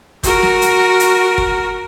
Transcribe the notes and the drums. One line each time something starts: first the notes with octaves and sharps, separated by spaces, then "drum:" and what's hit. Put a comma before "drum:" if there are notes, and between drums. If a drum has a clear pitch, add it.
F#4 A#4, drum: kick, hi-hat
drum: snare
drum: hi-hat
drum: hi-hat
drum: kick